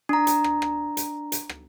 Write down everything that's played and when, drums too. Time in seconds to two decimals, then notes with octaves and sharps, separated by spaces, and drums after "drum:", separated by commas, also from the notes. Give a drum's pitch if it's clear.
0.09 D4 A#5
0.27 drum: hi-hat
0.44 drum: rim click
0.62 drum: rim click
0.97 drum: hi-hat
1.32 drum: hi-hat
1.49 drum: rim click